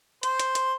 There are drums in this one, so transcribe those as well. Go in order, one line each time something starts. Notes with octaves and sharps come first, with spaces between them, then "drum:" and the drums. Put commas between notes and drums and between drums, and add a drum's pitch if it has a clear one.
C5, drum: hi-hat
drum: hi-hat
drum: hi-hat